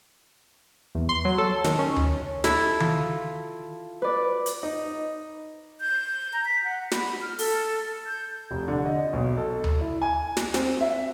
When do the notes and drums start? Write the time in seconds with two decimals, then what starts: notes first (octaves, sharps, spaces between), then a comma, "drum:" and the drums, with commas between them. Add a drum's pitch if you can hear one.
0.95 E2
1.09 C6
1.25 F#3
1.38 A4
1.64 D#3, drum: snare
1.79 C#4
1.96 drum: tom D2
2.44 E4 A4, drum: snare
2.80 F4, drum: tom D#3
4.02 B4 D5
4.46 drum: hi-hat
4.63 D#4
5.81 G6
6.33 A#5
6.46 B6
6.64 F#5
6.91 B5, drum: snare
7.21 F6
7.39 A4, drum: open hi-hat
8.07 G6
8.51 F1
8.68 D3
8.86 D#5
9.13 B1
9.37 A4
9.64 drum: tom D2
9.80 E4
10.02 G#5
10.37 drum: snare
10.54 C4, drum: snare
10.81 E5